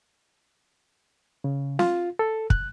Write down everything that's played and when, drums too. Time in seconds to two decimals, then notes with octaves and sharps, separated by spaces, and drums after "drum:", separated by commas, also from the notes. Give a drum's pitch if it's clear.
1.44 C#3
1.79 F4, drum: snare
2.19 A4
2.50 F#6, drum: kick